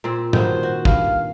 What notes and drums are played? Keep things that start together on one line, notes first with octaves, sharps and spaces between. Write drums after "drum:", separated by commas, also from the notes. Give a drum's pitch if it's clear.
A#2 C4
G2 D#3 F#4 C5, drum: tom
F#4
G2 F5, drum: kick